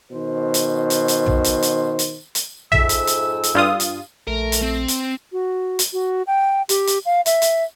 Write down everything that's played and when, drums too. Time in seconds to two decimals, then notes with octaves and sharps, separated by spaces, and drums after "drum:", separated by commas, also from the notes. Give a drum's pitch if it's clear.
0.12 B2 D#3 C5
0.54 drum: hi-hat
0.90 drum: hi-hat
1.08 drum: hi-hat
1.26 drum: tom
1.44 drum: hi-hat
1.62 drum: hi-hat
1.99 drum: hi-hat
2.35 drum: hi-hat
2.72 F2 G#2 E5 E6, drum: tom
2.89 drum: hi-hat
3.07 drum: hi-hat
3.43 drum: hi-hat
3.55 G2 F4 D#6
3.80 drum: hi-hat
4.28 A#1 A3 A#4
4.52 drum: hi-hat
4.62 C4
4.88 drum: hi-hat
5.32 F#4
5.79 drum: hi-hat
5.93 F#4
6.27 G5
6.69 G4, drum: hi-hat
6.87 drum: hi-hat
7.05 F5
7.26 E5, drum: hi-hat
7.42 drum: hi-hat